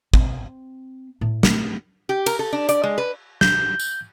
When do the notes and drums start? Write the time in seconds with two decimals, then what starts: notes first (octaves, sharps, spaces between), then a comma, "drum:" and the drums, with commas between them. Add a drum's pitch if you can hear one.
0.14 C4, drum: kick
1.21 A2
1.43 A3 C4, drum: snare
2.09 G4
2.26 A#4, drum: cymbal
2.39 A4
2.53 D4
2.69 D5, drum: hi-hat
2.83 G#3
2.98 B4
3.41 G6, drum: snare
3.79 drum: tambourine